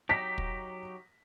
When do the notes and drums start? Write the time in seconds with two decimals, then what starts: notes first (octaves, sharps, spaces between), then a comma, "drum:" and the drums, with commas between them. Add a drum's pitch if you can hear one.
0.09 F#3 D#4 G4 A#6 B6
0.38 drum: kick